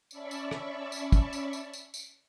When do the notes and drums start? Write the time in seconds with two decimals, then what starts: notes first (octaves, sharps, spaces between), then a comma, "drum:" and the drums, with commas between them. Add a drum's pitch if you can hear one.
0.11 C#4 D5 E5 A5 B5 C#6, drum: tambourine
0.31 drum: tambourine
0.51 drum: rim click
0.92 drum: tambourine
1.12 drum: kick, tambourine
1.33 drum: tambourine
1.53 drum: tambourine
1.73 drum: tambourine
1.94 drum: tambourine